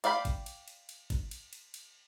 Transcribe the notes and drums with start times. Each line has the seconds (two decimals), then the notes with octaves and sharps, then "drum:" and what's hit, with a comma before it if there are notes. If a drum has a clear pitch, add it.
0.04 D5 F5 G5 B5, drum: cymbal
0.25 drum: kick, cymbal
0.46 drum: cymbal
0.68 drum: cymbal
0.89 drum: cymbal
1.10 drum: kick, cymbal
1.31 drum: cymbal
1.53 drum: cymbal
1.74 drum: cymbal